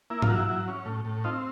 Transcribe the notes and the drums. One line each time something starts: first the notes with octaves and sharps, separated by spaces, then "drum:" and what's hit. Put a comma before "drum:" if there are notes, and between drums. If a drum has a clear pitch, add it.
A#3 E4
F4, drum: tom G#2
F#3 E4
F#3
C#4
A2
A2
C4 D#4 F4